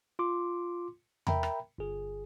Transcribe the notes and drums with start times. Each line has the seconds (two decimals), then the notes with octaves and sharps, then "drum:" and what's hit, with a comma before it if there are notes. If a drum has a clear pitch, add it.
0.19 F4 C6 D6
1.27 A#4 E5 G5 A#5 B5, drum: tom E2
1.43 drum: rim click
1.78 G1 G#4